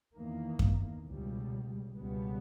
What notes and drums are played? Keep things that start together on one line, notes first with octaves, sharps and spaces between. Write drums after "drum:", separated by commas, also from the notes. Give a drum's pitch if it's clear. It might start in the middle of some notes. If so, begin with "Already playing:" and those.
E2 D#3 A#3
drum: kick F#2
C#2 B2 G3
C#2 B2 G3 B3